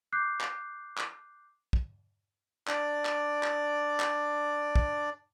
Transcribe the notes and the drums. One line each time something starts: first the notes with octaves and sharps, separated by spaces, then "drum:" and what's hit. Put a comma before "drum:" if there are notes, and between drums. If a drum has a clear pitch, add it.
D6 F#6 G6 C7
drum: clap
drum: clap
drum: kick
D4 D5, drum: clap
drum: clap
drum: clap
drum: clap
drum: kick